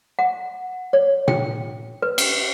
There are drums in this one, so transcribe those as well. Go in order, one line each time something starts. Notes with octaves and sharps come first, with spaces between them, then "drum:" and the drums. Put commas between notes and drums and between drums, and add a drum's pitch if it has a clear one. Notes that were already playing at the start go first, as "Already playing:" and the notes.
F#5
C#5
G5, drum: tom A#2
B4
drum: cymbal